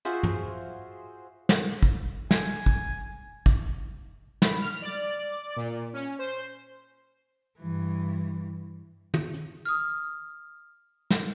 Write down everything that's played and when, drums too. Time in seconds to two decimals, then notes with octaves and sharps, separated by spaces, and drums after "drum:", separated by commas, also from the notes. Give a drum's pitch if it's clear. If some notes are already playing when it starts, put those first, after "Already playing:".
0.05 F4 F#4 G#4 C5 E5, drum: hi-hat
0.23 drum: tom
1.49 drum: snare
1.83 drum: kick
2.31 G#5, drum: snare
2.66 drum: kick
3.46 drum: kick
4.42 B5, drum: snare
4.61 F6
4.82 D5
5.56 A#2
5.93 C#4
6.19 C5
7.59 G2 E3
9.14 drum: tom
9.34 drum: hi-hat
9.65 D#6 F6
11.10 drum: snare